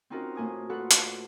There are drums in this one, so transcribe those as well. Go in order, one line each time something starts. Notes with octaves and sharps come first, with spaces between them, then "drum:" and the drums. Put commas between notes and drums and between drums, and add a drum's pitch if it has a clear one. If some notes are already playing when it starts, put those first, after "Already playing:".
C4 C#4 D#4 F4 F#4 A#4
A2 A#3 G#5 D6 D#6
F4 F#4 A4 B4 F#5
drum: hi-hat